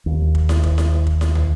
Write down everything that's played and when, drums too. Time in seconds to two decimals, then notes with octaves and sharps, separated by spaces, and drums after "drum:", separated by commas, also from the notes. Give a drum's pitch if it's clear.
0.06 D#2
0.35 drum: kick
0.49 drum: snare E4
0.63 drum: kick
0.78 drum: snare E4
1.07 drum: kick
1.21 drum: snare E4
1.35 drum: tom